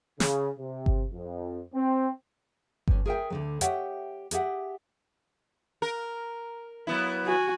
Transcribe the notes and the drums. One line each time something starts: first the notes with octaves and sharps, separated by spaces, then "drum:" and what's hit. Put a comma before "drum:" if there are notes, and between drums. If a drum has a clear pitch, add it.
C#3, drum: snare
C3
drum: kick G1
F2
C4
G2 C#4, drum: kick G1
G#4 A#4 E5 G5
D2 D3 F#3
G4 C#5 D#5 E5 F#5 G5, drum: hi-hat
G4 G#4 E5 F#5, drum: hi-hat
A#4
F#3 B3 E4
F#4 G#5